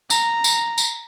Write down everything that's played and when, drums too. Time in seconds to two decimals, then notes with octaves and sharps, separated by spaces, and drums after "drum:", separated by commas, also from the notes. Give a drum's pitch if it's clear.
0.10 A#5, drum: tambourine
0.44 drum: tambourine
0.78 drum: tambourine